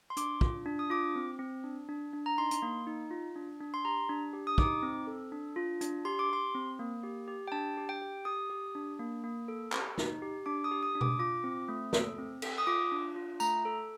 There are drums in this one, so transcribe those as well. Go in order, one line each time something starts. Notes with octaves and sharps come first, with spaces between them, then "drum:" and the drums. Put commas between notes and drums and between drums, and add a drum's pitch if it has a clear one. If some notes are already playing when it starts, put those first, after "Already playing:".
C6
D4 D6, drum: hi-hat
F4, drum: kick
D4
D#6
F4 D6
C4
C4
D4
D4
D4
A#5
D#4 C6
drum: hi-hat
A#3
D#4
F4
D4
D4
C6
G4 A#5
D4
G4
D#6
D#4 D6, drum: kick
C4
A4
D4
F4
D4, drum: hi-hat
G4 C6
D6
G4 C6
C4
A#3
G4
G4
G5
D4 A5
G4
G5
G4
G4 D#6
G4
D4
A#3
A#3
A4
G4, drum: clap
D#4, drum: snare
G4
D4 D6
D#6
G4
D#6
D4
D6, drum: tom B2
F4 D6
C4
A3
A4, drum: snare
C4
A4, drum: cymbal
D#6
F4 D6
D4
F4
A3 A#5, drum: tambourine
A4